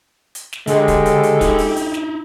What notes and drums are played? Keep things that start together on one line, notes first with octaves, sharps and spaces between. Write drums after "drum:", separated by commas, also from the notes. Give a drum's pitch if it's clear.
drum: hi-hat
drum: snare
D3 G#3 G4 A4, drum: hi-hat
drum: kick, hi-hat
drum: hi-hat
drum: hi-hat
D#4 E4, drum: kick, hi-hat
drum: open hi-hat
drum: hi-hat
drum: snare